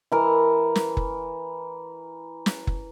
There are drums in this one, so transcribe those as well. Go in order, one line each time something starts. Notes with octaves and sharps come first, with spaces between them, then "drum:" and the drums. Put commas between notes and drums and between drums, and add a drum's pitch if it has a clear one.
E3 A#4
drum: snare
drum: kick
drum: snare
drum: kick